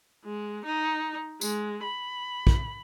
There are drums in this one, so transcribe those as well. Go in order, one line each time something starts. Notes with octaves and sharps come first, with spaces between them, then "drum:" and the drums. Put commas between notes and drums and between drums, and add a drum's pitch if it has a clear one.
G#3
D#4
G#3, drum: tambourine
B5
drum: kick